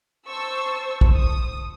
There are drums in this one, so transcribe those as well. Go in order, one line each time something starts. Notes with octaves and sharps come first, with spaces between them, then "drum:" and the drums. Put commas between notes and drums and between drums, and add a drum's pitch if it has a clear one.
C5 A5 C#6 E6
drum: kick
D#6